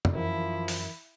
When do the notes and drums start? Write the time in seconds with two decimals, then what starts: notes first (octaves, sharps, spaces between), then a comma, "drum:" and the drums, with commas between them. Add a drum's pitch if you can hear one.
0.05 drum: tom
0.15 F#2 E3 F3 E4 A#4
0.68 drum: open hi-hat